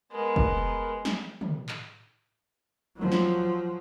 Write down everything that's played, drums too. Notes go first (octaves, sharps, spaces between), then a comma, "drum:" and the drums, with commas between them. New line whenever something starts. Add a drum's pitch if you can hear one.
G#3 B3 A#4 B4
drum: kick F1
drum: snare
drum: tom
drum: clap
F3 F#3
drum: snare